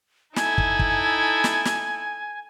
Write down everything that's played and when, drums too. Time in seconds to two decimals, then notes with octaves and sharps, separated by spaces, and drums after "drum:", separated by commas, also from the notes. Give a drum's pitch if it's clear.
0.36 D#4 E4 A4 G#5, drum: snare
0.58 drum: kick
0.79 drum: kick
1.44 drum: snare
1.65 drum: snare